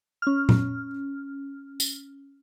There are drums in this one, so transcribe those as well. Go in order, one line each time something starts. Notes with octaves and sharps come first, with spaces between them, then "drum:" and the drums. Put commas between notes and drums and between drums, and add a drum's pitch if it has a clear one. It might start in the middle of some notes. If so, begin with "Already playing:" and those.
C#4 F6
drum: tom A#2
drum: tambourine